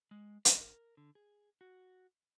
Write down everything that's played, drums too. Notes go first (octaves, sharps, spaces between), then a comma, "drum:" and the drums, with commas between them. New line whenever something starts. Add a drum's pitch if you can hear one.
G#3
D#5, drum: hi-hat
A#4
D3
G#4
F#4